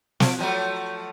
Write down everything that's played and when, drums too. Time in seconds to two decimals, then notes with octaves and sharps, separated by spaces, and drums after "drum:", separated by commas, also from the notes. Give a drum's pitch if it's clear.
0.20 F3, drum: snare
0.39 F3 F#3 A3